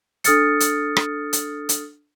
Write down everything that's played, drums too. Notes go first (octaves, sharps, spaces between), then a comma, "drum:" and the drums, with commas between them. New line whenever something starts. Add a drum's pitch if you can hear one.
D4 A4 D#6 F6 A6 C#7, drum: hi-hat
drum: hi-hat
drum: rim click
drum: hi-hat
drum: hi-hat